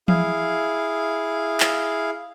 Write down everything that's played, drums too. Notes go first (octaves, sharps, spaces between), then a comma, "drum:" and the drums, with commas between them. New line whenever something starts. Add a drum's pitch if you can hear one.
E4 G#4 F5, drum: tom E3
drum: clap